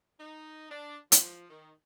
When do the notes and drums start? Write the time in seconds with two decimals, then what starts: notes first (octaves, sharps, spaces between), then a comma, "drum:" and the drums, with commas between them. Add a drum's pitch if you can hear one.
0.20 D#4
0.70 D4
1.12 F3, drum: hi-hat
1.50 D#3